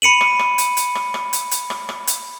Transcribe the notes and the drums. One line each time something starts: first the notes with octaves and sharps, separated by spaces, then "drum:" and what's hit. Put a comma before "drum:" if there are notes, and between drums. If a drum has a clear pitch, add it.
B5 C#7 D#7 F#7
drum: rim click
drum: rim click
drum: hi-hat
drum: hi-hat
drum: rim click
drum: rim click
drum: hi-hat
drum: hi-hat
drum: rim click
drum: rim click
drum: hi-hat